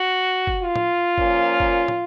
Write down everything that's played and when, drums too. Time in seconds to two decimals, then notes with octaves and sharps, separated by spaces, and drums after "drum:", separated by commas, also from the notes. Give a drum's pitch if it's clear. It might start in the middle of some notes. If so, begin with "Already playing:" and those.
Already playing: F#4
0.47 drum: kick
0.62 F4
0.76 drum: tom
1.18 A#2 F3 A#3 C#4, drum: kick
1.60 drum: kick
1.88 drum: tom